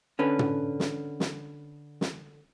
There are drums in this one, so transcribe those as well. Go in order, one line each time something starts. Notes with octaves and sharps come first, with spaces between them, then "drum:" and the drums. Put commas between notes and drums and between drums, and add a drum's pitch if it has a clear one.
D3 C#4 B4
drum: tom
drum: snare
drum: snare
drum: snare